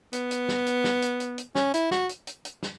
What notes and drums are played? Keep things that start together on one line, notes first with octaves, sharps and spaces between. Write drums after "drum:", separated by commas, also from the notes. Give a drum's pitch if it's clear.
B3, drum: hi-hat
drum: hi-hat
drum: snare
drum: hi-hat
drum: snare
drum: hi-hat
drum: hi-hat
drum: hi-hat
C#4, drum: snare
E4, drum: hi-hat
F#4, drum: snare
drum: hi-hat
drum: hi-hat
drum: hi-hat
drum: snare